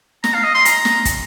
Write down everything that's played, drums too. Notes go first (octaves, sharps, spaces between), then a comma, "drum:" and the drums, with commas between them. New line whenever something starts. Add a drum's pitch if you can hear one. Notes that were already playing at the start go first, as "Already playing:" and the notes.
A#5, drum: snare
F5
D#5
C6
A#5, drum: hi-hat
drum: snare
drum: kick, hi-hat